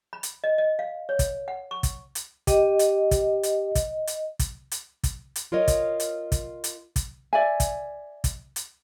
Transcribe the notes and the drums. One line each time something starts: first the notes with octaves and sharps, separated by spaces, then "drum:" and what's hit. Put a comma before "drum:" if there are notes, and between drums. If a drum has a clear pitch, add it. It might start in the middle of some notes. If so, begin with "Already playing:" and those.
B5
drum: hi-hat
D#5
D#5
F5
C#5
drum: kick, hi-hat
F#5
C#6
drum: kick, hi-hat
drum: hi-hat
G4 D#5, drum: kick, hi-hat
drum: hi-hat
drum: kick, hi-hat
drum: hi-hat
drum: kick, hi-hat
drum: hi-hat
drum: kick, hi-hat
drum: hi-hat
drum: kick, hi-hat
drum: hi-hat
F4 A#4 C#5 D#5
drum: kick, hi-hat
drum: hi-hat
drum: kick, hi-hat
drum: hi-hat
drum: kick, hi-hat
D5 E5 G#5
drum: kick, hi-hat
drum: kick, hi-hat
drum: hi-hat